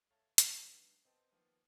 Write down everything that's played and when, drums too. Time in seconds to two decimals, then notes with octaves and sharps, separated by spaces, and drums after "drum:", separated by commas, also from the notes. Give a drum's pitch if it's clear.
0.10 A4 C#5 E5 F5
0.38 A2 C#3 F3, drum: hi-hat
0.58 D3 D#3 F#3 G#3 B3
1.04 B3 C4 D#5 A5
1.32 D#3 F3 A#3 B3